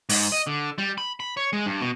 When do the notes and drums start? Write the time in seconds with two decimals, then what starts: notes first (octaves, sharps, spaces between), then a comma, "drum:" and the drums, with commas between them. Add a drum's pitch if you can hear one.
0.09 G#2, drum: open hi-hat
0.32 D#5
0.47 D3
0.78 G3
0.98 B5
1.20 B5
1.37 C#5
1.53 G#3
1.66 G2
1.81 B2